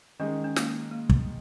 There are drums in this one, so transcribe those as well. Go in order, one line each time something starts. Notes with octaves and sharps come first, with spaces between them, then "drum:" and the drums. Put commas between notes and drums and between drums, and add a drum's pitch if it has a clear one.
D#3 G#3 C#4 D#4 G#4
C#4
A#3, drum: snare
A#3
drum: kick